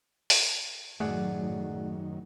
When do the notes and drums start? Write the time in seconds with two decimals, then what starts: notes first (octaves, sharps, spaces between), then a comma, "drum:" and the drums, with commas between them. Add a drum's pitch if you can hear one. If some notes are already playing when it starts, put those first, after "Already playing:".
0.30 drum: open hi-hat
1.00 F#2 A2 D#3 F#3 A3 G#4 D5 F#5